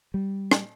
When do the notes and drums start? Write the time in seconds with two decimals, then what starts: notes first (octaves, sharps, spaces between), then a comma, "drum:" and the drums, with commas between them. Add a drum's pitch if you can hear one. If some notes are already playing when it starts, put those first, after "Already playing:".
0.14 G3
0.51 drum: rim click